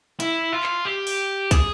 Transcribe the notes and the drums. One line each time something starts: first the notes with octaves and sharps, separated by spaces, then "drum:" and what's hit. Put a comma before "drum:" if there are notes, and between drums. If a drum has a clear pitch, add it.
E4, drum: hi-hat
F4
drum: clap
G4
drum: open hi-hat
G#4, drum: kick, hi-hat